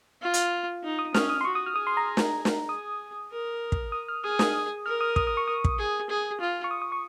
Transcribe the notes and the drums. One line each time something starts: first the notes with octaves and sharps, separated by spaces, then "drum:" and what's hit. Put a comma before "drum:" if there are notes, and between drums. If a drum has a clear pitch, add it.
F4
drum: hi-hat
D#4
D#6
C#4 F6, drum: snare
D#6
C6
F#4 C#6
D#6
F6
G#4 D#6
C6
A#5
drum: snare
drum: snare
G#4 D#6
A#4
drum: kick
D#6
F6
G#4 D#6
D#6, drum: snare
A#4 F6
D#6
D#6, drum: kick
D#6
C#6
D#6
drum: kick
G#4
G#4
F4
C#6
D#6
D#6
C#6